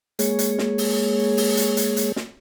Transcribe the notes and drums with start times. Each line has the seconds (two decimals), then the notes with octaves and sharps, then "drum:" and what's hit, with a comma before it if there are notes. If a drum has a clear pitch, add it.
0.19 G#3 A#3 G#4 C#5, drum: hi-hat
0.39 drum: hi-hat
0.58 drum: snare
0.78 drum: open hi-hat
1.37 drum: open hi-hat
1.57 drum: hi-hat
1.77 drum: hi-hat
1.97 drum: hi-hat
2.16 drum: snare